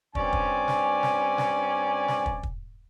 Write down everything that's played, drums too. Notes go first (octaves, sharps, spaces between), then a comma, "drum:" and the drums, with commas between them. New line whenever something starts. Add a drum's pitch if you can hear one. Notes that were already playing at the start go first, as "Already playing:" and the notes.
G2 C4 C#4 D5 G#5, drum: kick
drum: kick
drum: snare
drum: snare
drum: snare
drum: snare
drum: kick
drum: kick